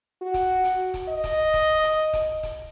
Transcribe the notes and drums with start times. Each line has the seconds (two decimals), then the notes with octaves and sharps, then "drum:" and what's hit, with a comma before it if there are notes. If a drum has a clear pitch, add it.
0.22 F#4
0.34 drum: kick D#1, hi-hat
0.64 drum: hi-hat
0.94 drum: kick D#1, hi-hat
1.09 D#5
1.24 drum: kick D#1, hi-hat
1.54 drum: kick D#1, hi-hat
1.83 drum: hi-hat
2.13 drum: kick D#1, hi-hat
2.43 drum: kick D#1, hi-hat